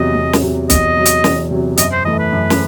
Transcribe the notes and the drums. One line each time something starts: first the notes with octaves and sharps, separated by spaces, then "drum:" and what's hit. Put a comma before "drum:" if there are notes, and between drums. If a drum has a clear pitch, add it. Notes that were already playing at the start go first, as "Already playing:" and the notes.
Already playing: E2 C3 F#3 D#5
E2
drum: snare
C3 F#3
E2 D#5, drum: kick, hi-hat
C3 F#3
drum: hi-hat
E2, drum: snare
C3 F#3
F#2 D#5, drum: hi-hat
C5
E3 A3 D#5
B4
F#2
drum: snare